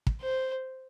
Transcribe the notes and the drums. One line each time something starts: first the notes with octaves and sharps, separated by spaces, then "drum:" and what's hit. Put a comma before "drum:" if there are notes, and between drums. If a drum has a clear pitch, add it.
drum: kick
C5